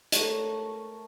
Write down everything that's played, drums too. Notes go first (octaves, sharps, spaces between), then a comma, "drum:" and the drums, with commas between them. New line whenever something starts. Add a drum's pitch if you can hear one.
A3 A#4 C#5, drum: hi-hat